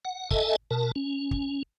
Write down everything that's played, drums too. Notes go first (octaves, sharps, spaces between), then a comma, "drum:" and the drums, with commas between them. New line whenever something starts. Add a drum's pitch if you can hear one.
F#5
A4 D#5 E5 G#5 A5, drum: kick
B2 A#4 A5
C#4
drum: kick